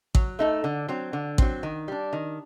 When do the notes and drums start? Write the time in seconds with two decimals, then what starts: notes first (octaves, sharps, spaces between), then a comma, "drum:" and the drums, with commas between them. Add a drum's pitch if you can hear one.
0.15 F#3, drum: kick A1
0.39 A3 D#4 A4
0.64 D3
0.89 F#3 C4
1.13 D3
1.38 F#3 C4, drum: kick A1
1.63 D#3
1.88 G3 D4
2.13 D#3